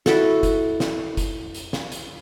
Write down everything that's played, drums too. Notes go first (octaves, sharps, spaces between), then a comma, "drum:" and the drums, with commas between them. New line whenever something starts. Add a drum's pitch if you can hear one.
E4 F#4 A4, drum: snare
drum: kick, hi-hat
drum: snare
drum: kick, hi-hat
drum: hi-hat
drum: snare
drum: hi-hat